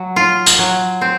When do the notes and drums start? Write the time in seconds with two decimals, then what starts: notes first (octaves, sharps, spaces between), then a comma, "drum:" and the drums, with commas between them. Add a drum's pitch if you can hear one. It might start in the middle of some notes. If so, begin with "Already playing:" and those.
Already playing: F#3
0.16 F4
0.46 drum: tambourine
0.59 F#3
1.01 C4